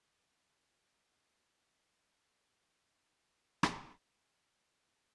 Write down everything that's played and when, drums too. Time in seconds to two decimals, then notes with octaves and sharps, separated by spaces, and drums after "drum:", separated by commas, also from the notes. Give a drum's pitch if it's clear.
0.08 D#3 E3 C#5 A#5
0.29 D#3 E3 E4 A5
0.49 E5
1.09 D#4 G4 C5 D5 D6
1.24 D#3 G3 A3 C6
2.59 A#4
3.63 drum: rim click
4.22 A5 A#5